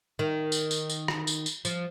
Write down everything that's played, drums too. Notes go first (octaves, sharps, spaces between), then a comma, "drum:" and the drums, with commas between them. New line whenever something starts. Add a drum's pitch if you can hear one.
D#3
drum: tambourine
drum: tambourine
drum: tambourine
drum: rim click
drum: tambourine
drum: tambourine
F3, drum: tambourine